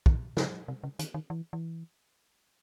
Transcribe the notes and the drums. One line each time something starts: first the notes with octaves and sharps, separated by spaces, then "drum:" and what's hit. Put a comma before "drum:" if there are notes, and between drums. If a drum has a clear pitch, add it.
D#3, drum: kick
C#3, drum: snare
C3
C#3
D#3, drum: hi-hat
D#3
E3
E3